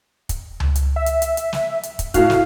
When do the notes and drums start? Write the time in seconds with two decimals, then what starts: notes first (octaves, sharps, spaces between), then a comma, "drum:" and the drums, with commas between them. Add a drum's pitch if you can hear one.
0.29 drum: kick, hi-hat
0.60 drum: tom C#2
0.75 drum: hi-hat
0.96 E5
1.06 drum: hi-hat
1.22 drum: hi-hat
1.37 drum: hi-hat
1.53 drum: snare
1.83 drum: hi-hat
1.99 drum: kick, hi-hat
2.14 A2 F#4 F5, drum: kick, hi-hat
2.30 drum: snare